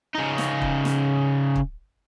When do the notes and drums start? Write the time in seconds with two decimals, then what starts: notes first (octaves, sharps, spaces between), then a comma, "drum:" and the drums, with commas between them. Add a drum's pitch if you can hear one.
0.15 C#3 D#4
0.38 drum: snare
0.62 drum: kick
0.85 drum: snare
1.56 drum: kick